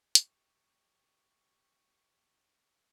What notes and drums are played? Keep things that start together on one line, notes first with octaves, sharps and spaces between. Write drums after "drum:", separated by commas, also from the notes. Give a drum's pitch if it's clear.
G4 C#6, drum: hi-hat